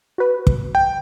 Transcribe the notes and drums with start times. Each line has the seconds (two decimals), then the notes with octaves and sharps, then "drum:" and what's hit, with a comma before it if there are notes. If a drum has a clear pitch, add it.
0.18 F#4 B4
0.47 drum: kick
0.75 G5